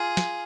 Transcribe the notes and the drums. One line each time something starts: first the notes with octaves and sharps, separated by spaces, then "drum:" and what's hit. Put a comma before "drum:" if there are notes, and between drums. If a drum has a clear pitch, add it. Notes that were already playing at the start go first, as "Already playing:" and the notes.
Already playing: F4 G#4
drum: snare